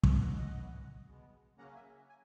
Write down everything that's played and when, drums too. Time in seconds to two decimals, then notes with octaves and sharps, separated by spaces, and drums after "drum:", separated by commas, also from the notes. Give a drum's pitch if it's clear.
0.03 B2 F#3 C#4 E5 G#5, drum: kick
0.21 D#5 F#5
0.38 D#5 F#5
0.55 F#2 E3 B3
1.06 B2 G#3 B3
1.58 C#3 F#3 A#3 C#4 F#5 A#5
1.75 E5 G#5
2.09 G#5